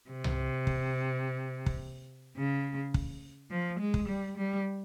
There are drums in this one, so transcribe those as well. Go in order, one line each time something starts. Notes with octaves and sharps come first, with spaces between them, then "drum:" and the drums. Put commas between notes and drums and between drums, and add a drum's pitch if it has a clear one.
C3
drum: tom C2
drum: kick
drum: kick
C#3
drum: kick
F3
G#3
drum: kick
G3
G3